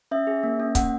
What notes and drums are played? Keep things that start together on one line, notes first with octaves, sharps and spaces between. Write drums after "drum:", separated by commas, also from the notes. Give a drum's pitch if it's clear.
C#4 E5
G#4
A#3
C#4
A#3 F#5, drum: kick C#1, hi-hat